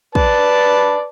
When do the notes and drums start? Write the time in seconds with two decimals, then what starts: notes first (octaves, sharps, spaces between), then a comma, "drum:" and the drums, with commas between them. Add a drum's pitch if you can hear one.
0.15 B4 D5 A5, drum: kick